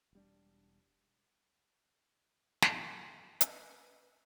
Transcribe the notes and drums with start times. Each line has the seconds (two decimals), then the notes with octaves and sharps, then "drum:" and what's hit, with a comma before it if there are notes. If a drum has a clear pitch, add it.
0.13 E1 G3 D4
2.62 drum: snare
3.41 B4, drum: hi-hat